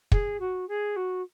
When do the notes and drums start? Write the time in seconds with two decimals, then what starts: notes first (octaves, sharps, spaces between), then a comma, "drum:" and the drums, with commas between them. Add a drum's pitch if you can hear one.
0.12 G#4, drum: kick
0.40 F#4
0.68 G#4
0.96 F#4